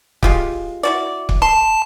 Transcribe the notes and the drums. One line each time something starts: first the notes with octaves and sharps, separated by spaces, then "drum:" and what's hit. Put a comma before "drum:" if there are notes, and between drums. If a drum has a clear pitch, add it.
G#3 F4 G4, drum: kick C#1
E4 F#4 D5
drum: kick C#1
A5 C6